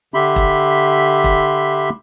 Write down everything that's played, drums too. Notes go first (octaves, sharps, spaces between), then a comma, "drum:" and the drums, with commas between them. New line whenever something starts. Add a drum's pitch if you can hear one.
D3 G4 E5 B5 C6
drum: kick E1
drum: kick E1